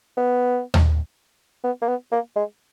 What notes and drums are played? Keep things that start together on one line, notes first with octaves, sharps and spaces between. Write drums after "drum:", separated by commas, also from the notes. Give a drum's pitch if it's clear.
B3
drum: tom D#2
B3
A#3
B3
A#3
G#3